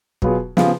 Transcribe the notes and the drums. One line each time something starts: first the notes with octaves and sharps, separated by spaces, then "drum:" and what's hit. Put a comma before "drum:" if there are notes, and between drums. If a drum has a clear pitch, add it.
B2 F#3 B3 F4 G#4, drum: kick
C#3 F3 B3 F4 G#4, drum: snare